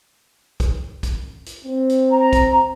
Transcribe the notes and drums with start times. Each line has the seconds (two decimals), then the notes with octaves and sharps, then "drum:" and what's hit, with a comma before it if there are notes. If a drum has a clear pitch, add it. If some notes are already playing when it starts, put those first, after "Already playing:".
0.60 drum: kick, hi-hat
1.03 drum: kick, hi-hat
1.46 drum: hi-hat
1.65 C4
1.89 drum: hi-hat
2.11 A#5
2.33 drum: kick, hi-hat